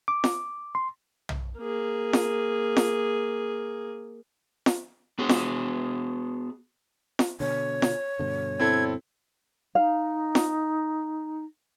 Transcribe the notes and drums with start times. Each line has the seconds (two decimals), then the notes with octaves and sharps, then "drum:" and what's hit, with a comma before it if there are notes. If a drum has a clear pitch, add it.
0.08 D6
0.24 drum: snare
0.75 C6
1.29 drum: tom B1
1.58 A#3 G#4
2.13 drum: snare
2.77 drum: snare
4.66 drum: snare
5.19 B3 F#4 G#4
5.29 drum: snare
7.19 drum: snare
7.40 B2 D3 C#5
7.82 drum: snare
8.19 G2 B2 D3
8.60 C4 E4 A4 G#6
9.75 D#4 F5
10.35 drum: snare